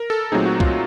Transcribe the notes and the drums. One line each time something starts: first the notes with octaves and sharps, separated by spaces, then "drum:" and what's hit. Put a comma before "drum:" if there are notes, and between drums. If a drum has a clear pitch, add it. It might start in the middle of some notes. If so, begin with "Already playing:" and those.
Already playing: A#4
A4
A#2 F#3 A3 C4 D#4 G#4
F#4
F4, drum: kick